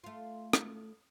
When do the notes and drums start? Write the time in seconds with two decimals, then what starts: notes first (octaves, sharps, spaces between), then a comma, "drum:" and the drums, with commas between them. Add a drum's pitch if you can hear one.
0.04 A3 F4
0.53 drum: rim click